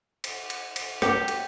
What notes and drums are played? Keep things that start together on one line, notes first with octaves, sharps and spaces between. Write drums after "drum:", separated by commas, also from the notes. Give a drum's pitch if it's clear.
drum: cymbal
drum: cymbal
drum: cymbal
G4, drum: rim click
drum: cymbal